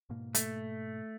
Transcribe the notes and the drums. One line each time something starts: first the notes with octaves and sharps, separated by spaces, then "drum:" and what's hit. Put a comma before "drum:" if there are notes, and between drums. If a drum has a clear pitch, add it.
G#2 B2 A#3
A3, drum: hi-hat